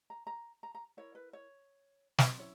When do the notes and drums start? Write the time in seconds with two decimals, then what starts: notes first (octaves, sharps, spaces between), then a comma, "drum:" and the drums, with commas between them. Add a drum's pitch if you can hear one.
0.10 A#5
0.27 A#5
0.63 A#5
0.75 A#5
0.97 E4 A#4 C#5
1.15 B4
1.33 C#5
2.18 drum: snare
2.38 C#4 E4 C#5